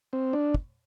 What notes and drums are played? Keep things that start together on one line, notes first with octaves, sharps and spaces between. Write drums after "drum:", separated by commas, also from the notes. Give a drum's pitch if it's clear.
C4
D4
drum: kick